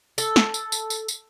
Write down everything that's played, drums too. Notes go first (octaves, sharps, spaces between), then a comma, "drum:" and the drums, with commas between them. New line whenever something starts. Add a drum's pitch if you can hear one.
A4, drum: tambourine
drum: snare
drum: tambourine
drum: tambourine
drum: tambourine
drum: tambourine